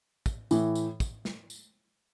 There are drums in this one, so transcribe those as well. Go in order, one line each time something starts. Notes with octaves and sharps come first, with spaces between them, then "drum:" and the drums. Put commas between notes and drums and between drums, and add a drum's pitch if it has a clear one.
drum: kick, tambourine
A2 E3, drum: tambourine
drum: tambourine
drum: kick, tambourine
drum: snare
drum: tambourine